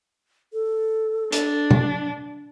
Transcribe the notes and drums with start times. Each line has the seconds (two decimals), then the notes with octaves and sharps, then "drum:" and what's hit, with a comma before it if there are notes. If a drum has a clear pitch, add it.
0.53 A4
1.32 D4, drum: hi-hat
1.71 drum: tom B2